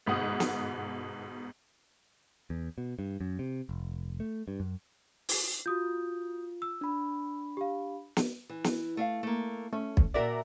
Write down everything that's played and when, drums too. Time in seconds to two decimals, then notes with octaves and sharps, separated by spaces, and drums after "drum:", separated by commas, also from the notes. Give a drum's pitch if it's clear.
0.06 G1 G#2 B2 F#5 D#6
0.40 drum: snare
2.50 E2
2.78 B2
2.99 G2
3.21 F#2
3.39 C3
3.69 F1
4.20 A3
4.48 G2
4.60 F#2
5.29 drum: open hi-hat
5.66 F4 F#4 D#6 G6
6.62 E6
6.81 D4 B5
7.57 G4 F5
8.17 drum: snare
8.49 E3
8.64 drum: snare
8.97 A3 E5 F5
9.23 A3 A#3
9.73 A3 C#4
9.97 drum: kick
10.14 A#2 F#4 A#4 D5 E5 A#5